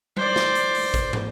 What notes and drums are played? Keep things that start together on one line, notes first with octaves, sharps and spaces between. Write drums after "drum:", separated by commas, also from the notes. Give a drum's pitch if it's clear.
C5 D5, drum: tom G3
drum: snare
drum: hi-hat
drum: open hi-hat
drum: kick A1, hi-hat
drum: tom